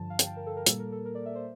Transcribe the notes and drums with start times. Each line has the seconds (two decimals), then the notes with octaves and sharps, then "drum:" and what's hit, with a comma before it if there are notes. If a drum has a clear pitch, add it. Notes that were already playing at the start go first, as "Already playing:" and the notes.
Already playing: G2 D3 F3 A5
0.10 F5
0.19 G5, drum: hi-hat
0.27 A5
0.37 A#4
0.46 A4
0.57 A#4
0.66 A#2 G3 A#3 A4, drum: hi-hat
0.79 A#4
0.92 A4
1.06 A#4
1.15 D5
1.26 E5
1.35 C5